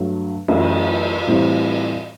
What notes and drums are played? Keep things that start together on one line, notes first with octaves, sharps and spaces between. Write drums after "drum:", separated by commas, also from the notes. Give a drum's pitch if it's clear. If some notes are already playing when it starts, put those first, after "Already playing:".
Already playing: G2 F#3 A3
F#2 E3 A3 E4, drum: cymbal
A2 E3 G3 C4 E4